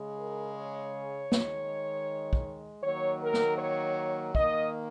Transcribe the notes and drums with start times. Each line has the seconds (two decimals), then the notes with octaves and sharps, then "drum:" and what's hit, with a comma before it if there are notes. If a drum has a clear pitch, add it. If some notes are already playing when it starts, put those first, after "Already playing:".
Already playing: C#3 G#3
0.18 A#4
0.56 C#5
1.32 D#3 G#3, drum: snare
2.33 drum: kick
2.83 D#3 F#3 A#3 C#5
3.21 A#4
3.34 drum: snare
3.58 C#5
4.35 D#3 A#3 D#5, drum: kick